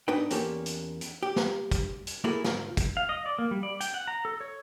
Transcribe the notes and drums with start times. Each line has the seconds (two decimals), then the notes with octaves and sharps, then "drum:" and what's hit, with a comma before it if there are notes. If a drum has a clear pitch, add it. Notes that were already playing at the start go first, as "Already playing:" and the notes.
0.08 G#2 B3 D4 D#4 B4 G5
0.30 E2 A#3 C#4 F4 G4 A4, drum: hi-hat
0.66 drum: hi-hat
1.01 drum: hi-hat
1.23 G4
1.36 drum: snare
1.72 drum: kick, hi-hat
2.07 drum: hi-hat
2.24 A3 A#3 E4 F#4 G#4 A4
2.44 D2 G#2 F4, drum: snare
2.77 drum: kick, hi-hat
2.97 F5
3.09 D#5
3.26 D5
3.39 A#3
3.51 G3
3.63 D5
3.80 G5, drum: hi-hat
3.94 F#5
4.08 A#5
4.25 A4
4.41 C#5